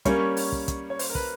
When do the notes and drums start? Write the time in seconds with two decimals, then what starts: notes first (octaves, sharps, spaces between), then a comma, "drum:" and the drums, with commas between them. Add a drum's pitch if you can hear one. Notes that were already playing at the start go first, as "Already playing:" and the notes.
0.05 G3 A#3 C#4 C#5, drum: kick, hi-hat
0.37 drum: open hi-hat
0.52 drum: kick
0.68 drum: kick, hi-hat
0.90 C#5
0.99 C5, drum: open hi-hat
1.10 A#4
1.15 B4, drum: kick